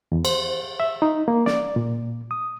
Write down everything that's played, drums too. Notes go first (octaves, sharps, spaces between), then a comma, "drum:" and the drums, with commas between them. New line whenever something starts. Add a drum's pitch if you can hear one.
E2
C5, drum: cymbal
E5
D#4
A#3
D5, drum: snare
A#2
D#6